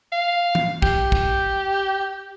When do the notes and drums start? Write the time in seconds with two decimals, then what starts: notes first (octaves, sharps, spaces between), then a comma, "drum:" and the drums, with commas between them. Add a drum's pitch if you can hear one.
0.12 F5
0.55 drum: tom
0.82 G4, drum: kick
1.12 drum: kick